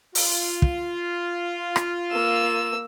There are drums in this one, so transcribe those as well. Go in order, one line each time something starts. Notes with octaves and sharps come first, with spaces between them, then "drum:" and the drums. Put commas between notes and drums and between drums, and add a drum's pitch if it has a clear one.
F4, drum: open hi-hat
drum: kick
drum: rim click
A#3 E6